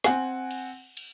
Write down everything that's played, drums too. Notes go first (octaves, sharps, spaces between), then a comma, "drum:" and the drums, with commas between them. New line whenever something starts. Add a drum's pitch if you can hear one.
C4 F#5 G#5, drum: snare
drum: cymbal
drum: cymbal